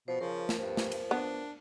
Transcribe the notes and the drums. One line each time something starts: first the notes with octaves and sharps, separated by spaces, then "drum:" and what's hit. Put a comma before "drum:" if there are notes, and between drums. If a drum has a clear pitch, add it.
B2 F3 C5
C#3 F3 A#4
drum: snare
G2 F3
drum: snare
drum: cymbal
B3 D4